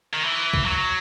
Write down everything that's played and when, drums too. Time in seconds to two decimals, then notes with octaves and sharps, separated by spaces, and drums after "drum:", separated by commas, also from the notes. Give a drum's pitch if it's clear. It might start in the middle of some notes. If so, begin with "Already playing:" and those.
0.13 D#3
0.24 E3
0.54 drum: kick
0.65 F#3